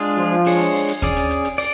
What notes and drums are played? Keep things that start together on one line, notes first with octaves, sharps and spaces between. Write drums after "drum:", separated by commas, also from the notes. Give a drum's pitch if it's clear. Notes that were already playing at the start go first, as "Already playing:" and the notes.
Already playing: G#3 D4 F4 G#4
F3
G#3 D4 G#4 C#5, drum: open hi-hat
drum: hi-hat
drum: open hi-hat
drum: hi-hat
C#4 G#4 D5, drum: kick D#2, hi-hat
drum: hi-hat
drum: hi-hat
drum: hi-hat
D5, drum: open hi-hat